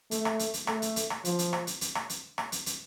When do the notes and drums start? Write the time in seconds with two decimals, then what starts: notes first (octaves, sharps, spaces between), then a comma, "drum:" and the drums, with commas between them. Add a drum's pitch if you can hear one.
0.11 A3, drum: hi-hat
0.25 drum: rim click
0.39 drum: hi-hat
0.54 drum: hi-hat
0.67 A3, drum: rim click
0.82 drum: hi-hat
0.96 drum: hi-hat
1.10 drum: rim click
1.25 F3, drum: hi-hat
1.39 drum: hi-hat
1.53 drum: rim click
1.67 drum: hi-hat
1.81 drum: hi-hat
1.95 drum: rim click
2.10 drum: hi-hat
2.38 drum: rim click
2.52 drum: hi-hat
2.66 drum: hi-hat